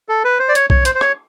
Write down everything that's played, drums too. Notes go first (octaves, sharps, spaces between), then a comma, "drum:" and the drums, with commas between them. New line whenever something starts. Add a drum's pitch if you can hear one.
A4
B4
C5
D5
C#5, drum: hi-hat
C#5, drum: kick B1
C5, drum: hi-hat
C5
C#5, drum: rim click